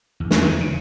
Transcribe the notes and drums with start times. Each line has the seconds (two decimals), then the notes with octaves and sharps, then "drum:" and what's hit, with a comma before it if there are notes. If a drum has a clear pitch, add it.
0.20 E2
0.31 drum: snare
0.44 D#3
0.60 C#3